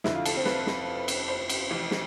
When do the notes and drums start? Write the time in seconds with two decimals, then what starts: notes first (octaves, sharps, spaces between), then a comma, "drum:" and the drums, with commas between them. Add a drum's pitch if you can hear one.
0.04 F1 F2 D3 E4, drum: snare
0.15 F4
0.25 A4, drum: cymbal
0.36 C4
0.45 B4, drum: snare
0.67 drum: snare
1.08 drum: cymbal
1.28 C5
1.49 drum: cymbal
1.70 F1 F2 E3
1.91 drum: snare